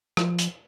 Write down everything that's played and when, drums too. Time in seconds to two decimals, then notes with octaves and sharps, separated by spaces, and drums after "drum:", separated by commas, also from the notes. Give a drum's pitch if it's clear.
0.17 F3, drum: rim click
0.39 drum: hi-hat